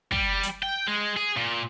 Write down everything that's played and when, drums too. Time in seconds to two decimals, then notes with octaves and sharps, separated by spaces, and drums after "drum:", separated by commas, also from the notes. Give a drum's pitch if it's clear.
0.12 G3, drum: kick
0.43 drum: hi-hat
0.63 G5
0.87 G#3
1.17 G#4
1.37 A#2